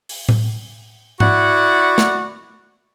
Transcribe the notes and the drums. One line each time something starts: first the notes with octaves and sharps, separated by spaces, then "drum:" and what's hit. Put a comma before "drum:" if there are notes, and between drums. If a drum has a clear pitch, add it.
drum: open hi-hat
drum: tom A2
E4 F#4 D5 F#5, drum: tom G#2
drum: snare